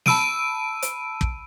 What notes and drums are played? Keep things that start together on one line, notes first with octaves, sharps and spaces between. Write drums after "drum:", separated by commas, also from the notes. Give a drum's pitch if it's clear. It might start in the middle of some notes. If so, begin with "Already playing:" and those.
A5 B5 E6 D7 D#7, drum: snare
drum: hi-hat
drum: kick